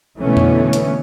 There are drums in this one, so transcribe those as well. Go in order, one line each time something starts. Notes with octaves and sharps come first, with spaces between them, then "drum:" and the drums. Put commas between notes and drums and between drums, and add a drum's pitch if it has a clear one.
B2 D3 E3 A3 B3 C#4
drum: tom F2
drum: hi-hat